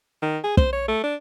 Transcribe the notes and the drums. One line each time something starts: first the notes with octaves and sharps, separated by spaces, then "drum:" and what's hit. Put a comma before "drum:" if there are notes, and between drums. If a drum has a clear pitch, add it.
D#3
G#4
C5, drum: kick
C#5
A3
D4